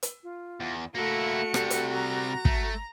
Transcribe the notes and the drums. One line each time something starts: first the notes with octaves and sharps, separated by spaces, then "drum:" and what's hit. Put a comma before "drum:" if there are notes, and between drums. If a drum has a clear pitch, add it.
drum: hi-hat
F4
E2
A3 A#3 E4 F#4 C#7
C3 G3, drum: rim click
drum: hi-hat
A#5
A3, drum: kick